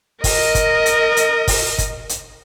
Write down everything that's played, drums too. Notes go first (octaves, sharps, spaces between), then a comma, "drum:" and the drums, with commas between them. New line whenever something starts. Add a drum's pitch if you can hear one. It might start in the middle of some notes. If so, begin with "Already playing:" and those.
A#4 D#5, drum: kick, open hi-hat
drum: kick, hi-hat
drum: hi-hat
drum: hi-hat
drum: kick, open hi-hat
drum: kick, hi-hat
drum: hi-hat